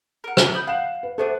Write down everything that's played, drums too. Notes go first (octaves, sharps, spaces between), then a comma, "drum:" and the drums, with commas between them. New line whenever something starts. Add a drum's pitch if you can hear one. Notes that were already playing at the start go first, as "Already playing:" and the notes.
A#4 F#5
drum: rim click
B5 D#6 G6
F5 F#5 F#6 C7 E7
B4
A3 B3 D4 A4 C5